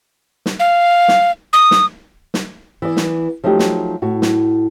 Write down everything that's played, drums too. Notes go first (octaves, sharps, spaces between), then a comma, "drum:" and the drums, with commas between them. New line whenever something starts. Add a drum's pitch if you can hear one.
drum: snare
F5
drum: snare
D#6
drum: snare
drum: snare
E3 B3 D5
drum: snare
F3 F#3 A3 D#4 G4
drum: snare
A2 F#4
drum: snare